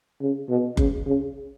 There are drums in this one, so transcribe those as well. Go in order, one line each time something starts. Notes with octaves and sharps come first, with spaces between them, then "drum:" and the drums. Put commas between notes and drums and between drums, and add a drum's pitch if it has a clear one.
C#3
B2
C#3, drum: kick F#1
C#3